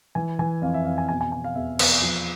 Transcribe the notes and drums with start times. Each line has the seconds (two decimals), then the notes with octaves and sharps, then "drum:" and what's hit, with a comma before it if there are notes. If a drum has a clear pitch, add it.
0.15 E3 G#5
0.39 E3 G#5
0.62 F2 F5
0.74 E5
0.85 F2 F5
0.98 G#5
1.09 B2 G#5
1.21 G#5
1.32 B2 G#5
1.44 F5
1.55 E2 E5
1.79 E2, drum: cymbal
2.02 F3